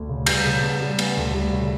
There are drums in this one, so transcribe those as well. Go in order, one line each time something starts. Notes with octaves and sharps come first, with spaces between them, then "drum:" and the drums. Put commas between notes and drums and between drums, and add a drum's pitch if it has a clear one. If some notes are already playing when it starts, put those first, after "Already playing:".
Already playing: D2
C#3
G3 G6, drum: cymbal
C#3
B3
G3
B3, drum: cymbal
D2
G3
C#3